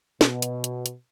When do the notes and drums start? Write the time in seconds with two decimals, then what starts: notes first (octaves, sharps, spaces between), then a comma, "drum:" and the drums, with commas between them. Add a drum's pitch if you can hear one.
0.21 B2, drum: snare
0.42 drum: hi-hat
0.64 drum: hi-hat
0.86 drum: hi-hat